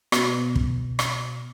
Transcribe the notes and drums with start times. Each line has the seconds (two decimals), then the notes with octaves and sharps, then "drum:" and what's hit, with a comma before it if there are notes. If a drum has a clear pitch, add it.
0.12 B2, drum: rim click
0.55 drum: kick
0.99 drum: rim click